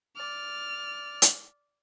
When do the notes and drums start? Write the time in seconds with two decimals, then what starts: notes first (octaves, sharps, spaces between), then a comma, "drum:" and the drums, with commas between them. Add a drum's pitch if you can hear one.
0.17 D5 F6
1.22 drum: hi-hat